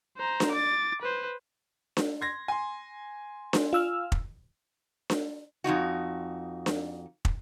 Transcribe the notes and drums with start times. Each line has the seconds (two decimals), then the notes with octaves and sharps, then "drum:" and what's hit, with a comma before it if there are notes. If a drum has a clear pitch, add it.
0.18 C5 A#5
0.40 drum: snare D4
0.52 D6 A6
1.02 B4 C5
1.97 drum: snare D4
2.21 C6 G#6 A#6
2.48 G#5 C6
3.53 drum: snare D4
3.73 F4 E6 F6
4.12 drum: kick
5.10 drum: snare D4
5.64 F2 G#2 D#4 F#4
6.66 drum: snare D4
7.25 drum: kick